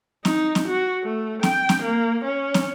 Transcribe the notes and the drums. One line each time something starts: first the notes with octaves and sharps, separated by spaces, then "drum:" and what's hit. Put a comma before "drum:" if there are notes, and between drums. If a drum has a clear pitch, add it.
D#4, drum: snare
drum: snare
F#4
A3
G5, drum: snare
drum: snare
A#3
C#4
drum: snare